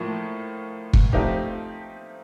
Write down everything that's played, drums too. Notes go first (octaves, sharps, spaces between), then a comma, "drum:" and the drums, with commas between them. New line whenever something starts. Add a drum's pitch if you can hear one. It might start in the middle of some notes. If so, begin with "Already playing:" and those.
Already playing: A2 F3 A#3
drum: kick
F3 A3 C4 D#4 G4